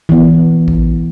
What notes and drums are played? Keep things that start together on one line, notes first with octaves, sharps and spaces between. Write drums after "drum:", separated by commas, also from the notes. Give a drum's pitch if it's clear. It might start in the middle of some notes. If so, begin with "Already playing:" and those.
E3 B3, drum: kick A1
drum: kick A1